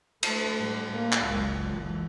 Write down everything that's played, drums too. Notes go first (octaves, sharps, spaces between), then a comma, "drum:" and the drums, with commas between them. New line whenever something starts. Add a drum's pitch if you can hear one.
A3, drum: cymbal
A2 G3
A#3
drum: clap
F#1 C#2
E3